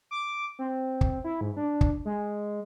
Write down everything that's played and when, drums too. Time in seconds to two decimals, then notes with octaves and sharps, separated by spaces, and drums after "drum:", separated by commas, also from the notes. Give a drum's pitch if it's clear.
0.11 D6
0.59 C4
1.01 drum: kick
1.24 E4
1.41 G#2
1.57 D4
1.81 drum: kick
2.05 G#3